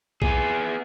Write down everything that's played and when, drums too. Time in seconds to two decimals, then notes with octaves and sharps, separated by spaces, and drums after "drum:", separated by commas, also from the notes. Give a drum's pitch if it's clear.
0.22 B3 G#4, drum: kick